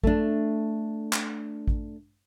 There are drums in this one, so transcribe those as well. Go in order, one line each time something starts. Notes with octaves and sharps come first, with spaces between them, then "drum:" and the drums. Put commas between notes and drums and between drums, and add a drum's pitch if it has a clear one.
A3 D4, drum: kick A1
drum: clap
drum: kick A1